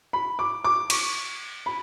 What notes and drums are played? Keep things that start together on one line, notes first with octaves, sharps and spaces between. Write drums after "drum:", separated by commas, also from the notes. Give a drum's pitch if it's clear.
B5
D6
D6
C#6, drum: cymbal
B5